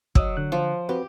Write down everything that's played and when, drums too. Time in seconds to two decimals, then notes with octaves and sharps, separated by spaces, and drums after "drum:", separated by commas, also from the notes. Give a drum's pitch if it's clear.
0.15 F#3 D#5 D#6 E6, drum: kick
0.37 D3 F#6
0.52 F3
0.89 C4 F#4 G4 B4